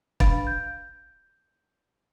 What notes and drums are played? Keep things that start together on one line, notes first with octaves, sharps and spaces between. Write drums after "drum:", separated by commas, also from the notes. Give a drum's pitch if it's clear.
D4 B4 F5 B5 A6 D7, drum: kick
G6